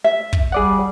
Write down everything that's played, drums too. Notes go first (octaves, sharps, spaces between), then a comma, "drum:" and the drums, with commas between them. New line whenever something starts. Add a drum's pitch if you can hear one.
E5
drum: kick
G3 G#4 D5 F#5